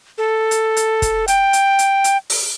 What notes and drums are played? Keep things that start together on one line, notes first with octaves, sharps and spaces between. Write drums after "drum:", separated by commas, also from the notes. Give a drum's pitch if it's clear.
A4
drum: hi-hat
drum: hi-hat
drum: kick, hi-hat
G5, drum: hi-hat
drum: hi-hat
drum: hi-hat
drum: hi-hat
drum: open hi-hat